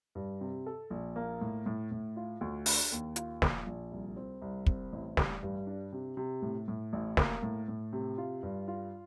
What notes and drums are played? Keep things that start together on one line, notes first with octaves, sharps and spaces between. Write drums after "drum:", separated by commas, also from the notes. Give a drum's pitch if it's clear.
G2
C3
A4
A#1
A#3
A2
A2
A2
F4
D2
D4, drum: open hi-hat
D#2
F4, drum: hi-hat
A#1, drum: snare
A#1
C2
C4
C2
C4, drum: kick
A1
G3, drum: snare
G2
D4
C3
C3
A2
A2
A1
A#3, drum: snare
A2
A2
C3
F4
G2
F4